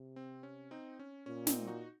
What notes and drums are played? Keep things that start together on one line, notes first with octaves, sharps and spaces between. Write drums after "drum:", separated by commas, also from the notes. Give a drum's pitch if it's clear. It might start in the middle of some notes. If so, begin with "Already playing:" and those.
Already playing: C3
C4
C#4
C4 D#4
C#4
A#2 C#4
C4 D#4, drum: snare
D#4 F#4